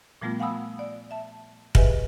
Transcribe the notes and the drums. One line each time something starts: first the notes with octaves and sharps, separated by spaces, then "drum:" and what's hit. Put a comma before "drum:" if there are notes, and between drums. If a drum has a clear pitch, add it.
A#2 F3 G3 A3 B3 F4
F5 F#5 G#5 B5 D#6 E6
D5
E5 A5
G4 G#4 B4 D#5 E5 G#5, drum: kick